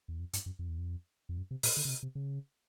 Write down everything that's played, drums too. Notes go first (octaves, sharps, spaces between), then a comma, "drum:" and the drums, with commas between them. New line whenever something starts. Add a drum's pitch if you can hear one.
E2
F2
G2, drum: hi-hat
F#2
F2
E2
F2
F2
F#2
C3
A#2, drum: open hi-hat
D3
C#3
C3
C3
C#3